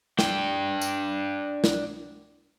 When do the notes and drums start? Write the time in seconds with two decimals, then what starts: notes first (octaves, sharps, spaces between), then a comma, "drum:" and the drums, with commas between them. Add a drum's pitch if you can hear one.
0.19 D4 G5, drum: snare
0.82 drum: tambourine
1.64 drum: snare